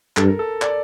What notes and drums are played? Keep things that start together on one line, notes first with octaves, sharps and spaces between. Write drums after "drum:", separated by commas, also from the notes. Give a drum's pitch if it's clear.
G2 A4, drum: clap
A#4
A4
D5, drum: clap